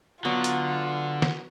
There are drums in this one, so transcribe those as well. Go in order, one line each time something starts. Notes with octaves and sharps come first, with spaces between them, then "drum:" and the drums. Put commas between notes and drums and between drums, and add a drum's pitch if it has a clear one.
D3 F#3 B3 F4 F#5
drum: hi-hat
drum: snare